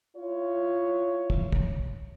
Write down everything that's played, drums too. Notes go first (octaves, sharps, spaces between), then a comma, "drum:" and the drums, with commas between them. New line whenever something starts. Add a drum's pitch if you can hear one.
E4 F4 C#5
drum: kick
drum: kick